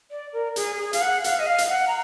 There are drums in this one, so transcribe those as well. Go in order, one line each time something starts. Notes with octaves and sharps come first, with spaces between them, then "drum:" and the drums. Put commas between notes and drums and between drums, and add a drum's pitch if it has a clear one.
D5
A#4
G#4, drum: hi-hat
G#4
F5, drum: hi-hat
F#5
F5, drum: hi-hat
D#5
F5
drum: hi-hat
F#5
A#5